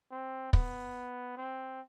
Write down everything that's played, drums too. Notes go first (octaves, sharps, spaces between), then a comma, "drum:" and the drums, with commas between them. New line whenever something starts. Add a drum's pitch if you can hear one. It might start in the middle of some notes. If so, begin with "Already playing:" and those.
C4
B3, drum: kick
C4